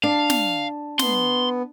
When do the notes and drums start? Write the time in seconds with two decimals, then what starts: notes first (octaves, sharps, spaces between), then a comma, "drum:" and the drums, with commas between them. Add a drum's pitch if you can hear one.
0.03 D4 F5 A5
0.30 drum: snare
0.99 B3 C6, drum: snare